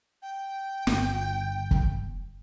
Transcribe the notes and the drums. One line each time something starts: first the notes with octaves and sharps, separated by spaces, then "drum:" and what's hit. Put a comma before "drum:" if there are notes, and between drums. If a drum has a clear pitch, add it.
G5
G1, drum: snare
drum: kick